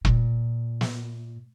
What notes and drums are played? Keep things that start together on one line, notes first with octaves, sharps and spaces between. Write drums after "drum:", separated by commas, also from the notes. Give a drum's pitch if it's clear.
A#2, drum: kick E1
drum: snare